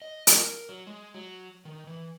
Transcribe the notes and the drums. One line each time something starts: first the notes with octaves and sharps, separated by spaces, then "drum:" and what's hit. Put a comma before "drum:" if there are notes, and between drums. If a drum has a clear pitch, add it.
D#5
A#4, drum: hi-hat
F#3
G#3
F#3
D#3
E3